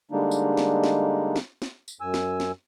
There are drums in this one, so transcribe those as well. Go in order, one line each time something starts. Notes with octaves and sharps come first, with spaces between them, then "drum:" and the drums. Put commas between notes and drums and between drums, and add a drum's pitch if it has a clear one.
D3 G3 G#3 A#3 D4 D#4
drum: tambourine
drum: snare
drum: snare
drum: snare
drum: snare
drum: tambourine
F#2 G#5 E6
drum: snare
drum: snare